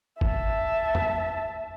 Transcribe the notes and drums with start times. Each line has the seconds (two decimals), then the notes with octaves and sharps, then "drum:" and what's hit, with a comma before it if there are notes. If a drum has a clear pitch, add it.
0.21 E5 A5, drum: kick G1
0.95 drum: tom